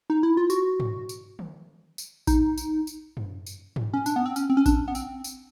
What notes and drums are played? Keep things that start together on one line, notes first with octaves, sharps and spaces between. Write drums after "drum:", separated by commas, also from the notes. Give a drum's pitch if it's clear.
D#4
E4
F4
F#4, drum: tambourine
drum: tom
drum: tambourine
drum: tom D3
drum: tambourine
D#4, drum: kick A1, tambourine
drum: tambourine
drum: tambourine
drum: tom F#2
drum: tambourine
drum: tom
C#4
D4, drum: tambourine
B3
C4
C#4, drum: tambourine
C4
C#4
D4, drum: kick A1, tambourine
B3
C4, drum: tambourine
drum: tambourine